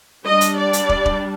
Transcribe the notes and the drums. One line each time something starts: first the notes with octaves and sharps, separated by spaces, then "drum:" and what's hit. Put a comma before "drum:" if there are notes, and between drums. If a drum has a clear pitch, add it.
G3 D4 D#5
drum: hi-hat
D5
drum: hi-hat
drum: kick
drum: kick